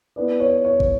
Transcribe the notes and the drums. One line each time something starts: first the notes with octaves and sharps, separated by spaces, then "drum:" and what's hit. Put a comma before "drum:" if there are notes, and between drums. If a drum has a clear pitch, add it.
B3 E4 B4 D5
C#5
C#5
drum: kick